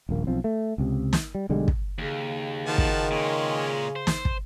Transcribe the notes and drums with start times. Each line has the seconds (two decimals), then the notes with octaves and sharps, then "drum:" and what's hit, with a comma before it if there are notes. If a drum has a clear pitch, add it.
0.09 D#1 A#1 A#3
0.27 B1 F3 C4
0.44 A3
0.78 C#2 C3
1.13 drum: snare
1.35 G3
1.49 B1 D3 G3 G#3
1.68 drum: kick
1.98 D#2 C#3
2.67 D#3 F3 F#4 A5
2.78 drum: kick
3.11 A#2 G#3 C#4
3.96 C5
4.07 drum: snare
4.25 drum: kick